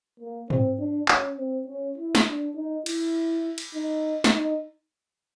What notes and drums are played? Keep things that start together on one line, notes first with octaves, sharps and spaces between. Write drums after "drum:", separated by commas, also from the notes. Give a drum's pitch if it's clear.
A#3
C4, drum: tom G#2
D4
C#4, drum: clap
C4
C#4
E4
drum: snare
D4
D#4
E4, drum: cymbal
drum: cymbal
D#4
drum: snare
D#4